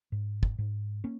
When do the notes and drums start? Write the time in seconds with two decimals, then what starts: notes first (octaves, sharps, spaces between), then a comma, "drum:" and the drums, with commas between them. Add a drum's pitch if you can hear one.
0.12 G#2
0.43 drum: kick
0.58 G#2
1.04 A#3 C#4